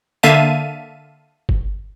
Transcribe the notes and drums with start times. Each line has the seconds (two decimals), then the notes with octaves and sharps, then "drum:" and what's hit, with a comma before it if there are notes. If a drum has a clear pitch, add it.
0.23 D3 A#3 E5 F5 A5 D#7
1.49 drum: kick F#1